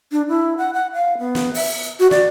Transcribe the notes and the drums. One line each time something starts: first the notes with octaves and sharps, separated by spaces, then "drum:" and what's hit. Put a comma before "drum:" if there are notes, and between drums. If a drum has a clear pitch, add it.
D4
E4
F#5
F#5
F5
B3
drum: snare
E5, drum: open hi-hat
F#4
D5, drum: snare